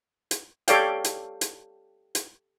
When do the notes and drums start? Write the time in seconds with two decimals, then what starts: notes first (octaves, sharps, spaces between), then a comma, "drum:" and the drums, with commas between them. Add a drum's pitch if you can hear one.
0.31 drum: hi-hat
0.68 G4 A4 C#5 D5 F5 G5, drum: hi-hat
1.04 drum: hi-hat
1.41 drum: hi-hat
2.15 drum: hi-hat